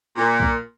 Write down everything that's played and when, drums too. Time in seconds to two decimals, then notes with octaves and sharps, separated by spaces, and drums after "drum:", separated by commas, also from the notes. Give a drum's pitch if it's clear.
0.16 A#2
0.40 drum: kick